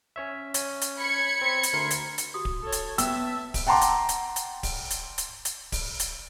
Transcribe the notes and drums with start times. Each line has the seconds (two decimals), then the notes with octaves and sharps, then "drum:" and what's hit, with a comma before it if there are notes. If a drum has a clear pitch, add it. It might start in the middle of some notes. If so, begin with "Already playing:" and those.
0.16 C#4 C#5 E5
0.54 C#4, drum: hi-hat
0.81 drum: hi-hat
0.99 B5 G#6 C#7
1.41 C4
1.63 drum: hi-hat
1.73 D2 A#4 C6
1.91 drum: hi-hat
2.18 drum: hi-hat
2.34 F#4 D#6
2.45 drum: kick D1
2.63 A4 C#5
2.72 drum: hi-hat
2.98 B3 E5 G5 A5 E6, drum: hi-hat
3.54 drum: kick D1, open hi-hat
3.67 F#5 G5 A5 A#5 C6 D6
3.81 drum: hi-hat
4.09 drum: hi-hat
4.36 drum: hi-hat
4.63 drum: kick D1, open hi-hat
4.90 drum: hi-hat
5.18 drum: hi-hat
5.45 drum: hi-hat
5.72 drum: kick D1, open hi-hat
6.00 drum: hi-hat